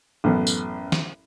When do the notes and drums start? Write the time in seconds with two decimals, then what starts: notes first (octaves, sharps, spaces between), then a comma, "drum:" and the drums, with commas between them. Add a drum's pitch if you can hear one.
0.24 A1 F#2 B3
0.47 drum: tambourine
0.92 drum: snare